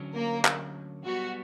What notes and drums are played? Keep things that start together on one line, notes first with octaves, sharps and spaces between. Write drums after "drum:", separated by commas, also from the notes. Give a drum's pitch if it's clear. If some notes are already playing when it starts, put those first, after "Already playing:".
Already playing: D2 D3 F#3 C#4
A#3 A#4
drum: clap
B1 B2 G3 B3 F#4